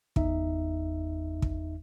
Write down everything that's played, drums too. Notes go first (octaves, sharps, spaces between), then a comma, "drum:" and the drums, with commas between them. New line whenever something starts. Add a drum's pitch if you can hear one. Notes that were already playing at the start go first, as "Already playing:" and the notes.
G1 E2 D#4 E5, drum: kick
drum: kick